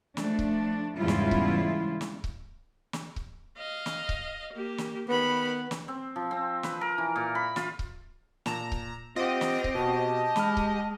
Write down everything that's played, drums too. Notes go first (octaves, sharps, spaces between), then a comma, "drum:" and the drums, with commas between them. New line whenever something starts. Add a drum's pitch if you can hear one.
F3 A3 D4, drum: snare
drum: kick C#1
E2 G#2 C#3 G3 E4 F4
drum: snare
drum: kick C#1
drum: snare
drum: kick C#1
drum: snare
drum: kick C#1
D#5 F5
drum: snare
drum: kick C#1
A#3 G4
drum: snare
D#3 B3 B5
drum: snare
C4
F3
C4
B4, drum: snare
A#4
E3
A#2
B5
F4, drum: snare
drum: kick C#1
A#2 A5 A#5 E7, drum: snare
drum: kick C#1
C4 F4 G4 D#5 F#5
drum: snare
drum: kick C#1
B2 F#4 A5
G#3 B5 F6, drum: snare
drum: kick C#1